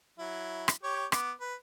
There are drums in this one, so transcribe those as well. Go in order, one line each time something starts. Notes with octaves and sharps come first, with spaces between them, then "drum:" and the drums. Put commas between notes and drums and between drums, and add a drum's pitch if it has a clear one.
F#3 E4
drum: rim click
G4 C#5 C#6
B3 D6, drum: rim click
B4